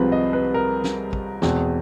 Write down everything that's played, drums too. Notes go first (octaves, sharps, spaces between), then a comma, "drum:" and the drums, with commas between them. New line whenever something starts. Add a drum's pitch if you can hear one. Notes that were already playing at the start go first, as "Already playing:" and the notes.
Already playing: C2 C3 F3 G#3 C4 B4
D#5
B4
A#4
drum: snare
drum: kick
E2 B2 G#3 C4, drum: snare